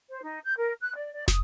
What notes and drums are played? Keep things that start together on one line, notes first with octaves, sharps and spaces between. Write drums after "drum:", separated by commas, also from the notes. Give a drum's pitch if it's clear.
C5
D#4
G6
A#4
F#6
D5
D5
D#6, drum: snare